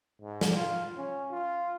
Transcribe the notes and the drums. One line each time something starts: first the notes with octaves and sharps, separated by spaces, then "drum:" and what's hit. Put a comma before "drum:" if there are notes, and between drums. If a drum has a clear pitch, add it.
G#2
drum: snare
F4
C#4
F4